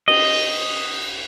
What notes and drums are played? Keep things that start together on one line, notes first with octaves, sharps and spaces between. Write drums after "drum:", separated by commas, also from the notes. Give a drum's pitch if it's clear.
D#5, drum: cymbal